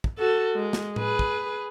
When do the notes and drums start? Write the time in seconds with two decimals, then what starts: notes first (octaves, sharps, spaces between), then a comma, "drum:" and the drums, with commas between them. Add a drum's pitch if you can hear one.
0.04 drum: kick
0.18 F#4 A4
0.55 G#3
0.73 drum: snare
0.96 G#4 B4, drum: tom A2
1.19 drum: kick